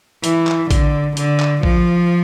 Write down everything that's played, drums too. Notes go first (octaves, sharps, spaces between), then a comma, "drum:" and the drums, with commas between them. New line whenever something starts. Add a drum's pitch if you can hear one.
E3, drum: hi-hat
drum: clap
D3, drum: kick A#1, hi-hat
D3, drum: hi-hat
drum: clap
F3, drum: kick A#1